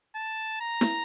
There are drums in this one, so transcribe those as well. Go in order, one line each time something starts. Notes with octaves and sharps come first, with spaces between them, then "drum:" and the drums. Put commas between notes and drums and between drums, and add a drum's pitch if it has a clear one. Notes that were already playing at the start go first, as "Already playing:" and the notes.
A5
A#5
drum: snare E4